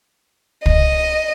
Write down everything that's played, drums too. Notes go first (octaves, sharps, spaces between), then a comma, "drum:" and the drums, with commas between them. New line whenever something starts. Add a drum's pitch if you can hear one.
D#5, drum: kick